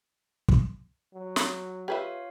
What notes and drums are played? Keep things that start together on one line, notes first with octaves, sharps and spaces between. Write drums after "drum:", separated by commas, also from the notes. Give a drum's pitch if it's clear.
drum: kick
F#3
drum: snare
F4 G4 B4 C#5 E5 F5